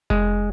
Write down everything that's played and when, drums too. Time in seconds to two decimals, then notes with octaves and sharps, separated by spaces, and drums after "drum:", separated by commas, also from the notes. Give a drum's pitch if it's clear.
0.10 G#3, drum: kick F1